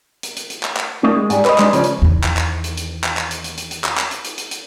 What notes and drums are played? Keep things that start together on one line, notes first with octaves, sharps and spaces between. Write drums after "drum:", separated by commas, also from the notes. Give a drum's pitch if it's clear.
drum: hi-hat
drum: hi-hat
drum: hi-hat
drum: clap
drum: clap
G3 A3 A#3 C#4 D#4
G#3
G#2 G3, drum: hi-hat
B4 C#5 D#5, drum: clap
G3 G#3 D4 D#4, drum: clap
C#3 F3 C#4 D4, drum: hi-hat
drum: hi-hat
E2 D#3
drum: clap
drum: clap
drum: hi-hat
drum: hi-hat
drum: clap
drum: clap
drum: hi-hat
drum: hi-hat
drum: hi-hat
drum: hi-hat
drum: clap
drum: clap
drum: hi-hat
drum: hi-hat
drum: hi-hat
drum: hi-hat